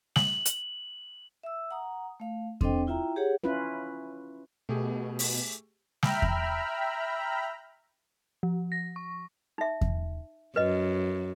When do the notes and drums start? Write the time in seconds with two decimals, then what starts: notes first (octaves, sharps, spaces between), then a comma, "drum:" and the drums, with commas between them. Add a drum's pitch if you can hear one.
0.16 F#7, drum: snare
0.45 drum: hi-hat
1.43 E5 E6
1.71 F#5 A#5 D#6
2.20 A3 F5
2.61 C4 D4 A4 C5 D#5 G5, drum: kick E2
2.87 E4 F4 E5 G5 A#5
3.16 G4 G#4 C#5 F#5
3.44 C#4 E4 F4 B4
4.69 B2 A3 G4 G#4
5.19 drum: open hi-hat
6.03 E5 G5 A#5 B5 F6, drum: snare
6.22 drum: kick E2
8.43 F3
8.72 A#6
8.96 C#6
9.58 D#4 E5
9.81 drum: kick E2
10.56 F#2 B4 D#5